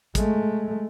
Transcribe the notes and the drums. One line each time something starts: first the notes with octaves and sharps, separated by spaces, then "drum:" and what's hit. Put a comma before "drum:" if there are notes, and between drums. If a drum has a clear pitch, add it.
G#3 A3, drum: kick, hi-hat